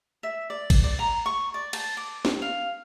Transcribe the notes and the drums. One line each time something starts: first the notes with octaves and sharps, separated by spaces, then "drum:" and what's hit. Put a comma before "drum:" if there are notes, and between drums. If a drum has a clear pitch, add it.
E5
D5
drum: kick G1, cymbal
D5
A#5
C#6
D5
A5, drum: cymbal
D6
drum: snare
F5